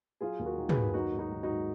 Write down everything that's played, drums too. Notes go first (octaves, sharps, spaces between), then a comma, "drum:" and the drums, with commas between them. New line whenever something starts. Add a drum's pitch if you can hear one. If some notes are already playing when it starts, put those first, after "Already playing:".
F#3 F4 G#4
D#2
F#4 A#4
D#3
G#4 B4, drum: tom
D#2
F#3 D#4 F#4
G#2
D#4 F#4
D#3
D#4 F#4
G#2